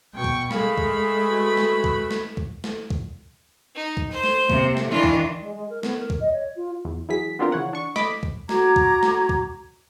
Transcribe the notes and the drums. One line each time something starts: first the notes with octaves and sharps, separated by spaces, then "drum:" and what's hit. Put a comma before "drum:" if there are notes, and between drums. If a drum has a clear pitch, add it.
B2 G5 C#6
drum: kick
G#3 A3 A#4 F5 B5, drum: snare
drum: kick
F#4 B4
drum: snare
drum: kick
drum: snare
drum: kick
drum: snare
drum: kick
D#4
drum: kick
C5
drum: snare
C3 A#3, drum: kick
drum: snare
D#3 E3 D4 F4
drum: kick
G#3
G#3
A#4
B3, drum: snare
A#4
drum: kick
D#5
C#5
F4
E2
E3 F#3 G#4 B6
B3 C4 D4 F4 A#4
C#3 E3 C#5 F#5
D4 C#6
D#5 B5 D6 B6, drum: snare
drum: kick
F#4 A#5 D6 G#6, drum: snare
drum: kick
drum: snare
drum: kick